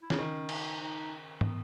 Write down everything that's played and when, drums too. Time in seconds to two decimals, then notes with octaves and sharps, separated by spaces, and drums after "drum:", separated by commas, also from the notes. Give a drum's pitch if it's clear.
0.02 E4
0.10 C#3 D#4, drum: snare
0.18 D#3 C#4
0.49 D#4, drum: cymbal
0.80 D#4
1.41 B3, drum: tom